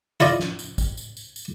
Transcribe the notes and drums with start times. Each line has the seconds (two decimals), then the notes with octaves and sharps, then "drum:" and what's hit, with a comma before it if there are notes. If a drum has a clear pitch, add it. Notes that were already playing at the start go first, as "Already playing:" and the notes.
0.20 E4 F4 D5 D#5, drum: tambourine
0.40 drum: snare
0.59 drum: tambourine
0.78 drum: kick, tambourine
0.97 drum: tambourine
1.17 drum: tambourine
1.36 drum: tambourine